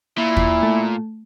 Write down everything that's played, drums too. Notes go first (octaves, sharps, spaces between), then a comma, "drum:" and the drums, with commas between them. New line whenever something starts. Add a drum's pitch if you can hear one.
A#2 E4
drum: kick
A3